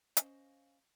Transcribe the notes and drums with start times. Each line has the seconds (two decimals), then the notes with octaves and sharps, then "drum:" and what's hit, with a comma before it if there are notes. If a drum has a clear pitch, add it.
0.17 C#4 C5 D#5 F5, drum: hi-hat